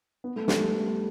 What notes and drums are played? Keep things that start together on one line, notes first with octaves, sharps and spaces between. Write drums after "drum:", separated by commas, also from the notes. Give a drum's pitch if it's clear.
B3
A3
G3, drum: snare
A3